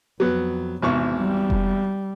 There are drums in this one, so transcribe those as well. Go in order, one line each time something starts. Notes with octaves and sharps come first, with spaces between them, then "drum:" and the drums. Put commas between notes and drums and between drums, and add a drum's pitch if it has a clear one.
F2 F#3 B3
G#1 E2 C3 C#6
G3
drum: kick F1